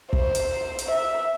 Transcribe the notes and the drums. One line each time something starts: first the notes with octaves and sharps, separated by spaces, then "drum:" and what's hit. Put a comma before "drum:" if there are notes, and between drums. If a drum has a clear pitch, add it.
C5, drum: kick
drum: hi-hat
drum: hi-hat
E5